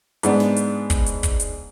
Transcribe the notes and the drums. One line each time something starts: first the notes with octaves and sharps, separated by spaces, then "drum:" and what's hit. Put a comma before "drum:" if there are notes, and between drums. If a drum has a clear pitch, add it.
G#2 B3 D4, drum: hi-hat
drum: snare
drum: hi-hat
drum: kick, hi-hat
drum: hi-hat
drum: kick, hi-hat
drum: hi-hat